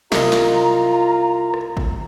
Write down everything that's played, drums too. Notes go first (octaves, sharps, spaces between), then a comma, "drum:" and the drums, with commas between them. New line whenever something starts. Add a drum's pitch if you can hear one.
C2 F4 D#5 A#5, drum: snare
drum: snare
drum: rim click
drum: kick A1